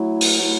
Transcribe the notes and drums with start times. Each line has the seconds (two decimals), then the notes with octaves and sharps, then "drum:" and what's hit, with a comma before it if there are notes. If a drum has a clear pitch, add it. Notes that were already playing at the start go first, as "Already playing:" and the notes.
Already playing: F#3 A3 E4
0.21 drum: open hi-hat
0.38 F#3 A3 E4